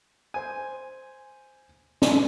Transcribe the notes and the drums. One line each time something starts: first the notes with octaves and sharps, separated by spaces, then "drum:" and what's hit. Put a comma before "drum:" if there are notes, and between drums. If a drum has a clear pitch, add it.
C5 G#5
drum: snare